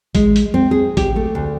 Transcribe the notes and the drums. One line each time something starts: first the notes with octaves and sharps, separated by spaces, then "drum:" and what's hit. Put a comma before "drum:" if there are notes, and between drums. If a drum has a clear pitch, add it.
G#3, drum: kick A1, hi-hat
drum: hi-hat
C4
G#4
G4, drum: kick A1, hi-hat
A3
D2